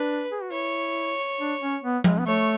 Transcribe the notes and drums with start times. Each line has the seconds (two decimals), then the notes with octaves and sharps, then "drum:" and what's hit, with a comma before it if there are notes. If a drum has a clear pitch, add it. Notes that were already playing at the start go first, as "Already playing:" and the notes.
Already playing: D4 B4
0.31 G#4
0.42 F#4
0.52 E4 C#5
1.39 D4
1.61 C#4
1.83 B3
2.04 G#3, drum: tom F3
2.18 B3
2.26 A3 C#5